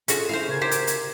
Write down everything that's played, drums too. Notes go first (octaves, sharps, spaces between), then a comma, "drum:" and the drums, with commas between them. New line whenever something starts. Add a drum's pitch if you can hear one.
C#4 F4 F#4 G#4 A4, drum: hi-hat
E4 C5 F5
C#3 A#4 G#6
G4 C5
drum: hi-hat
drum: hi-hat